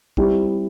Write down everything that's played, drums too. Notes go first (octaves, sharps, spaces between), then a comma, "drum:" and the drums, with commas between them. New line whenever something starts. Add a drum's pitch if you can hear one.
G3 C4 E4, drum: kick A#1